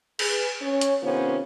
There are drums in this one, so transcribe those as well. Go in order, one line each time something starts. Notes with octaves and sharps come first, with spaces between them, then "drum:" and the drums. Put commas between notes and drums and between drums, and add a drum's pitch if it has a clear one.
G#4 B4, drum: cymbal
C#4 C#5
drum: hi-hat
C3 D#3 B3 C#4 F4 C5